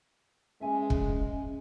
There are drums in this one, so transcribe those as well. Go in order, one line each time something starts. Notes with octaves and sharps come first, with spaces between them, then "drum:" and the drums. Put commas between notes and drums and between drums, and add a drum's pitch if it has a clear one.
G#3 C#4 E5 G#5
drum: kick